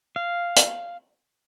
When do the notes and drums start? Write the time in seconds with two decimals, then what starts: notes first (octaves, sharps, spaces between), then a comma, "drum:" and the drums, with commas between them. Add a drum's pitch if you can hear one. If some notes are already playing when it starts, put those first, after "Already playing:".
0.16 F5
0.56 drum: hi-hat